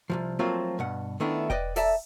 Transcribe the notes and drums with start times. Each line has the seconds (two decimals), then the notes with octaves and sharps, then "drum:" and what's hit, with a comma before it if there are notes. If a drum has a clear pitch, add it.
0.10 C2 F#2 F3
0.39 F3 F#3 A3 A#3 C4 F4
0.79 G2 B2 F#5
1.20 D#3 A3 B3 D4 E4
1.50 B4 D5 D#5 G5, drum: kick E1
1.76 A4 D5 E5 A5 A#5, drum: open hi-hat